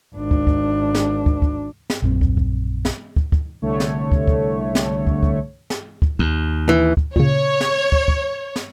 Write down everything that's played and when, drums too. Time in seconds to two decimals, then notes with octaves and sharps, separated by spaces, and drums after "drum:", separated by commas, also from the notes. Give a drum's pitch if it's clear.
0.15 G#1 D4
0.31 drum: kick
0.47 drum: kick
0.94 drum: snare
1.26 drum: kick
1.42 drum: kick
1.90 drum: snare
2.02 A#1 F#2 C4
2.21 drum: kick
2.37 drum: kick
2.85 drum: snare
3.16 drum: kick
3.32 drum: kick
3.62 C2 D3 A3 C#5
3.80 drum: snare
4.12 drum: kick
4.27 drum: kick
4.75 drum: snare
5.07 drum: kick
5.23 drum: kick
5.70 drum: snare
6.02 drum: kick
6.19 D#2, drum: kick
6.69 E3
6.97 drum: kick
7.16 A#2 C#3 C#5, drum: kick
7.60 drum: snare
7.92 drum: kick
8.08 drum: kick
8.56 drum: snare